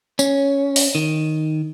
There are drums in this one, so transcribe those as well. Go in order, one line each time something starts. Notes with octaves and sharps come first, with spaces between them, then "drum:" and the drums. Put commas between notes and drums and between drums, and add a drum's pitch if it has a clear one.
C#4, drum: tambourine
drum: open hi-hat
D#3